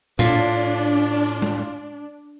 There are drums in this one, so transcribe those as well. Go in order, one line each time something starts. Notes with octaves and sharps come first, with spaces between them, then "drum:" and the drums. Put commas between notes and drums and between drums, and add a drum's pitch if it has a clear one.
A2 D4 F4, drum: tom A#2
drum: tom G#3